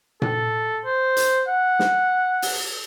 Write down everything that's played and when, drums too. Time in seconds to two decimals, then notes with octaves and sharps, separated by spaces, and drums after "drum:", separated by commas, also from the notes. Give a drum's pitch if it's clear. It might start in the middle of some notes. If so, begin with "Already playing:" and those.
0.22 A4, drum: tom A#2
0.85 C5
1.17 drum: hi-hat
1.48 F#5
1.79 drum: snare
2.42 drum: open hi-hat